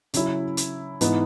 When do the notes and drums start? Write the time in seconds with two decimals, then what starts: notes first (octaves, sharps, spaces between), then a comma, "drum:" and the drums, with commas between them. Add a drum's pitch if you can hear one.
0.14 C#3 F#3 C#4 E4, drum: hi-hat
0.57 drum: hi-hat
1.01 G#2 E3 B3 D#4, drum: hi-hat